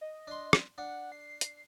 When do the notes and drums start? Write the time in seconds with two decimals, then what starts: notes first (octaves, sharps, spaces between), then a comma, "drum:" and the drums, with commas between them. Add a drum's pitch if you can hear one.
0.01 D#5
0.27 D4 C6
0.53 drum: rim click
0.78 D4 F#5
1.12 C7
1.41 drum: hi-hat